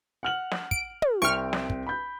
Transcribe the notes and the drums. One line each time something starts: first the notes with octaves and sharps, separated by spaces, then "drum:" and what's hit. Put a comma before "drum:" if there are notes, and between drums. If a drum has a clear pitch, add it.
F#5 F6 F#7
drum: snare
D7, drum: kick
drum: tom
C2 C4 C#6 F6 D7
drum: snare
drum: kick
B5 G6